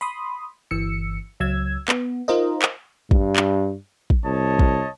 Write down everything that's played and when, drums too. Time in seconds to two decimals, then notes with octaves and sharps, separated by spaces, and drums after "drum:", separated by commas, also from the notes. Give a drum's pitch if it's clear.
0.01 B5 C6 D#6
0.71 G1 E3 E6 C#7
1.40 C#2 F#3 E6 G#6
1.88 B3, drum: clap
2.28 D#4 F4 A#4 C5 D#5
2.62 drum: clap
3.11 G2, drum: kick
3.36 drum: clap
4.10 drum: kick
4.25 C2 C#5 D#5 A5
4.59 drum: kick